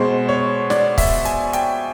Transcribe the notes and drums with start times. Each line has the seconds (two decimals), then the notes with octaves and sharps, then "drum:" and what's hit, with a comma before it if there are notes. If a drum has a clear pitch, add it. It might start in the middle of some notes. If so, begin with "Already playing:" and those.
Already playing: B2 G#3 C5
0.29 C#5
0.70 D5, drum: snare
0.98 E5, drum: kick, open hi-hat
1.25 G#5, drum: hi-hat
1.53 G5, drum: hi-hat